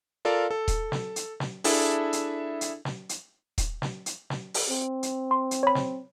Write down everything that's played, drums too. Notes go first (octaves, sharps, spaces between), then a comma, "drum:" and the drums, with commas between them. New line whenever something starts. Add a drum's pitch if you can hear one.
F4 A4 A#4 D5 F5
A4
drum: kick D#1, hi-hat
drum: snare
drum: hi-hat
drum: snare
D4 E4 G#4 A4 E5, drum: open hi-hat
drum: hi-hat
drum: hi-hat
drum: snare
drum: hi-hat
drum: kick D#1, hi-hat
drum: snare
drum: hi-hat
drum: snare
drum: open hi-hat
C4
drum: hi-hat
C6
drum: hi-hat
C#5 B5
drum: snare